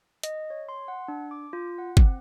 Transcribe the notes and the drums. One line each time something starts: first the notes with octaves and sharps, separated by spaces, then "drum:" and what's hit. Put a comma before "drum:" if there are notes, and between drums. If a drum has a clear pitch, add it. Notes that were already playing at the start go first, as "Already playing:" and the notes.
D#5, drum: hi-hat
C#5
C6
F#5
D4
D6
F4
F#5
C4, drum: kick